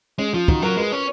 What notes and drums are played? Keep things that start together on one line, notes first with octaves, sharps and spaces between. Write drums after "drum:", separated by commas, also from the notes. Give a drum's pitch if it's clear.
G#3 C#4
F3 F4
D#3 F#4, drum: kick
F#3 A#4
G#3 B4
C#4